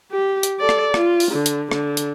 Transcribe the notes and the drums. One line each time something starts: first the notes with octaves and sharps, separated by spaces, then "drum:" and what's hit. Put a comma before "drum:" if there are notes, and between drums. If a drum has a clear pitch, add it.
G4
drum: hi-hat
A4 D5
drum: rim click
F4, drum: rim click
drum: open hi-hat
D3
drum: hi-hat
D3, drum: rim click
drum: hi-hat